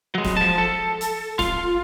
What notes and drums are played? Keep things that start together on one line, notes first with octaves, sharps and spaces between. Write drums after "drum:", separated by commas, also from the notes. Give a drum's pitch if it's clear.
F#3 G#3
drum: snare
F3 A5
A4
drum: hi-hat
F4, drum: snare